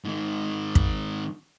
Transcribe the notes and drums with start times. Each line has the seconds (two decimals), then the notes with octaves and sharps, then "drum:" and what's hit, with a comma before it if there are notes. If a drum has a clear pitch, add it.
0.05 G#2 D#3
0.75 drum: kick